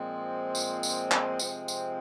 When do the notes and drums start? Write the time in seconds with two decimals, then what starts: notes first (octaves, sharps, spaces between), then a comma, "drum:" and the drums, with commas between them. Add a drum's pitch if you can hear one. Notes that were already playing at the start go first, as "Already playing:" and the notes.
Already playing: A#2 F3 G#3 C4
0.55 drum: tambourine
0.83 drum: tambourine
1.11 drum: clap
1.39 C3 F3 G#3 C4, drum: tambourine
1.68 drum: tambourine